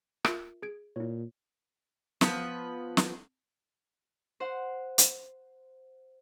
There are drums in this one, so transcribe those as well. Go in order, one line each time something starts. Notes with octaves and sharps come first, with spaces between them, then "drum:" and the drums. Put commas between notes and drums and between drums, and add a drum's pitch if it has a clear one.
F4 A#4 E5, drum: rim click
G#4 G#6 D7
A#2 E4 C#5
F3 B3 B4, drum: snare
drum: snare
C5 F#5 C6
drum: hi-hat